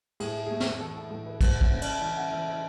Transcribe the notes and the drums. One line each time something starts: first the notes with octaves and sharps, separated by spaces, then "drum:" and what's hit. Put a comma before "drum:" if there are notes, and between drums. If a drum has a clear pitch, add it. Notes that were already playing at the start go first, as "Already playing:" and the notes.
A2 G#4, drum: cymbal
A3 G#4
drum: snare
E3 A4
A4
A2 A4
B4
G#3 B4, drum: kick, cymbal
C#5, drum: kick
C#3
D5, drum: cymbal
E3 E5
F#5
E3 E5
E5